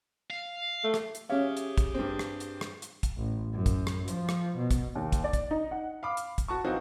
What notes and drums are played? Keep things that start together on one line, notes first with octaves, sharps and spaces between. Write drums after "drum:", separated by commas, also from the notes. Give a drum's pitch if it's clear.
F5
A3
drum: rim click
drum: hi-hat
C#4 G4 G#4 C#5 E5 F5
drum: hi-hat
drum: kick, hi-hat
G2 C4
drum: rim click
drum: hi-hat
drum: rim click
drum: hi-hat
drum: kick, hi-hat
A1
F#2
drum: kick, hi-hat
drum: rim click
F3, drum: hi-hat
drum: rim click
B2
drum: kick, hi-hat
D#2
drum: kick, hi-hat
D5
drum: kick, hi-hat
D#4
F#5
F5 B5 D6
drum: hi-hat
drum: kick, hi-hat
F#4 A5 C#6
E3 F#3 C4 D#4 F4 F#4